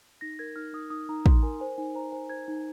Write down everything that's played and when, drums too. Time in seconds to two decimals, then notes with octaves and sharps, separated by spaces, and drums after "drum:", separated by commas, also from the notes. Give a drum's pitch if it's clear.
0.21 D#4 A#6
0.39 A#4 G#6
0.56 D#4 F6
0.73 D#4 D#6
0.90 D#4 D#6
1.09 D#4 A#5
1.26 D#4 C6, drum: kick
1.42 A#4 G#5
1.60 C5 G#5
1.78 D#4 G#5
1.95 C5 A#5
2.12 C5 G#5
2.29 C5 G#6
2.48 D#4